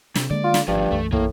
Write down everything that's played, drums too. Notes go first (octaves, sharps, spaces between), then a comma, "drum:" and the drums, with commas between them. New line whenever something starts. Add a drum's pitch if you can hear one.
C3, drum: snare
D3 G#3 A#3 D5
F4
drum: snare
G#1 D2 G2 F3
B1 F#2 E3 A3
A2 A#3, drum: kick